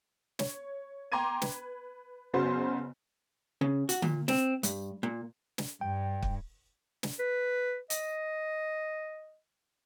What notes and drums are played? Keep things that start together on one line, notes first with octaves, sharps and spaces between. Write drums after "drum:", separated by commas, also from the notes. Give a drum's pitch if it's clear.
C#5, drum: snare
G5 A#5 C6 D6 G#6 D#7
B4, drum: snare
F#1 C#3 F#3 B3 C5
C#3
F#4, drum: hi-hat
A#2, drum: tom D3
C4, drum: snare
G2, drum: hi-hat
A#2
drum: snare
G2 G5
drum: kick
drum: snare
B4
D#5, drum: hi-hat